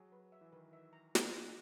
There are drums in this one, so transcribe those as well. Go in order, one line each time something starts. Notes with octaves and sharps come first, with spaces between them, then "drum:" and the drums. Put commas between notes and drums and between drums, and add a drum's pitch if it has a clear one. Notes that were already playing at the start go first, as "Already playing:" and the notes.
Already playing: F#3 G#4
B4
E5
E3
D#3 B4
E5
A#5
drum: snare